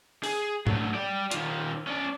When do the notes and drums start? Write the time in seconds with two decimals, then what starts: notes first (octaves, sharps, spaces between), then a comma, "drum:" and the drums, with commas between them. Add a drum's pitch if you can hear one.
0.24 G#4, drum: open hi-hat
0.67 F#3 A3, drum: tom
0.94 D5 G5
1.31 D#3 F4, drum: hi-hat
1.87 C#4 D5